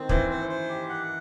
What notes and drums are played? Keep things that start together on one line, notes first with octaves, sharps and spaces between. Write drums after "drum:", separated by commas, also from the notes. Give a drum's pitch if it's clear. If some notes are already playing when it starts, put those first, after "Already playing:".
Already playing: D#3 C4
E3 C5, drum: kick
C5
C5
G4
F#5